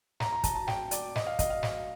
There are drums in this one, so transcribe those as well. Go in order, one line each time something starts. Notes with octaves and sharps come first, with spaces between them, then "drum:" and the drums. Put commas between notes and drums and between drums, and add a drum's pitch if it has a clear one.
A#5, drum: snare
A#5
A5, drum: kick, hi-hat
A5
G5, drum: snare
D5, drum: hi-hat
D#5, drum: snare
F5
D#5, drum: kick, hi-hat
F5
drum: snare